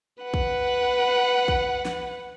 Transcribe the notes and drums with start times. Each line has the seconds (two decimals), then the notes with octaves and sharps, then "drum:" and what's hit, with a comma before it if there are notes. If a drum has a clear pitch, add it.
0.23 B4 F#5
0.34 drum: kick
1.48 drum: kick
1.85 drum: snare